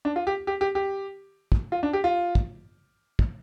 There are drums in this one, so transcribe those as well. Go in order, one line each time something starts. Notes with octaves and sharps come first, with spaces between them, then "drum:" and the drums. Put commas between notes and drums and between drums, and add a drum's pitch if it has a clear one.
D4
F4
G4
G4
G4
G4
drum: kick
F4
D4
G4
F4
drum: kick
drum: kick